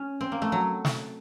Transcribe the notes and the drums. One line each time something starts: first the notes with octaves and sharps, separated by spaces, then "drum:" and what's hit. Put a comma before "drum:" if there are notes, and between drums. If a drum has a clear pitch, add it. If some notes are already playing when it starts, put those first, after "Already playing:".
Already playing: C#4
C4
A#3
A3
F#3
drum: snare